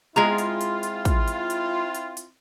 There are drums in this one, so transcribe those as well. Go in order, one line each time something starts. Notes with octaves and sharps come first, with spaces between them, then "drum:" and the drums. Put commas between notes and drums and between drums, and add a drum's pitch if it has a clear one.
G#3 C4 E4 F4 G#4 A#5
drum: hi-hat
drum: hi-hat
drum: hi-hat
drum: kick, hi-hat
drum: hi-hat
drum: hi-hat
drum: hi-hat
drum: hi-hat